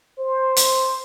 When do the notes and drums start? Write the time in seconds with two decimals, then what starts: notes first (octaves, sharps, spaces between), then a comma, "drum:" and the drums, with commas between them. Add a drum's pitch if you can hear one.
0.18 C5
0.57 drum: hi-hat